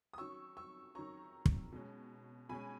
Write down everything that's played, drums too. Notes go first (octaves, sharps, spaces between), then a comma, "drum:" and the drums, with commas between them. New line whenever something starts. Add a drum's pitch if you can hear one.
D#6
D#3 F#3 C#4 C#6 E6
C#6 E6
D#3 F#3 C#4 A#5 C#6
drum: kick
B2 G#3 C#4
B2 G#3 C#4 G#5 B5